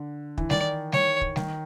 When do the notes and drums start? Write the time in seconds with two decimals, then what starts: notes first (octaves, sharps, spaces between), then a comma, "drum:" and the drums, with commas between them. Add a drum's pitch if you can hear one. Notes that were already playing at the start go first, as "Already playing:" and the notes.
Already playing: D3
0.38 E3, drum: kick
0.50 D#3 D5, drum: snare G3
0.92 C#5, drum: snare G3
1.21 drum: kick
1.36 D#3, drum: snare G3